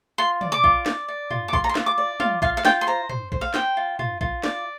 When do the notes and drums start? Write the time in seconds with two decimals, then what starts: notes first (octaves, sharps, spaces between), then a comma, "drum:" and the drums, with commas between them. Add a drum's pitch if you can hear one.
0.18 F4 C6
0.41 D5, drum: tom
0.52 D6
0.64 F4, drum: kick A#1
0.86 D5, drum: snare
1.08 D5
1.31 F4, drum: tom
1.48 D6
1.53 F4 C6, drum: kick A#1
1.64 A#5
1.69 C6
1.75 F4, drum: snare
1.86 D6
1.98 D5
2.20 F4 F5, drum: tom
2.42 F4 F5, drum: kick A#1
2.57 F5
2.65 F4 G5, drum: snare
2.81 C6
2.87 C5 A#5
3.09 C5, drum: tom
3.32 C5, drum: kick A#1
3.41 F5
3.54 C5 G5, drum: snare
3.77 F4
3.99 F4, drum: tom
4.21 F4, drum: kick A#1
4.44 D5, drum: snare